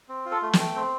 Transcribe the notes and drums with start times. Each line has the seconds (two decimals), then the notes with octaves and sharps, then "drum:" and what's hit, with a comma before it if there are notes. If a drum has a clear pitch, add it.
0.08 C4
0.25 F4
0.31 A4
0.42 A3
0.53 G5, drum: snare
0.59 A3
0.76 C4